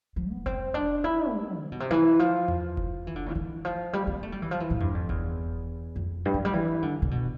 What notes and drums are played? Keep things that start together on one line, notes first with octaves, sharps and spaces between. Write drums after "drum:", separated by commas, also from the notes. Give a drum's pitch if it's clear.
F3
B3
C4, drum: kick F1
D4
E4
G3
C3
B2
C3
E3
F3
drum: tom E2
drum: kick F1
E3
D3
A2
F3
E3
F3
G3
B3
A3
G3
E3
F3
E3
A2
G2, drum: tom E2
F2
E2, drum: kick F1
F2
G2
F3
G3
E3
D3
C3
B2